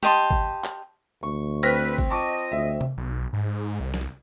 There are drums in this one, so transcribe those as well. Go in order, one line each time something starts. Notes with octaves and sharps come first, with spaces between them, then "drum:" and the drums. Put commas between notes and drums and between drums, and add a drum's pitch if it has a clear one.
G4 D#5 A5 C6, drum: tom
drum: kick G1
drum: clap
D2 C#6
C4 B4 F6 A#6 B6, drum: cymbal
drum: kick G1
F4 D#5 A5 C#6 D6
D2 E5
drum: tom C3
B1
G#2
C2
drum: snare